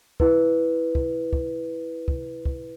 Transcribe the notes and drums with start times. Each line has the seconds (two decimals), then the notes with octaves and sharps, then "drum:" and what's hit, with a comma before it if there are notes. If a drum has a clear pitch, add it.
0.20 E4 B4, drum: kick
0.95 drum: kick
1.33 drum: kick
2.08 drum: kick
2.45 drum: kick